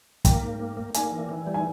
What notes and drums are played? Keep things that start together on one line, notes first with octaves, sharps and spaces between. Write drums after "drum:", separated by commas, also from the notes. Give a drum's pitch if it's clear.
A#3 G5, drum: kick, hi-hat
G#2
A#3
A#3
A#3 G#5, drum: hi-hat
E3
E3
G3
G#5